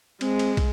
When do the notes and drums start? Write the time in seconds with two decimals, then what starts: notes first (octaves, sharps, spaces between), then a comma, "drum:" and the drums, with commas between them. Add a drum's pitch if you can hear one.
0.21 G#3 C4, drum: cymbal
0.39 drum: cymbal
0.57 drum: kick, cymbal